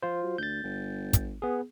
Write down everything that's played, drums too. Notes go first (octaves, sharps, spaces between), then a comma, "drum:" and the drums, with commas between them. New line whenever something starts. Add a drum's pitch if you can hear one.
F3 F4 C5
F#3
D2 G6 A6
G1
drum: kick, hi-hat
B3 G#4